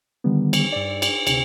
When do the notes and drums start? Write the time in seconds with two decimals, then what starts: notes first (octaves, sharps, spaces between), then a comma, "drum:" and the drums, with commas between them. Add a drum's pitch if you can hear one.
0.24 D3 D#3 G3 B3
0.53 drum: cymbal
0.73 G2 D5
1.02 drum: cymbal
1.27 D2 C3, drum: cymbal